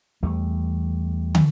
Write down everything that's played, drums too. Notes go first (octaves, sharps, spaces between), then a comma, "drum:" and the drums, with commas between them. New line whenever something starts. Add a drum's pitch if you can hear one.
E2 G3 A3
drum: tom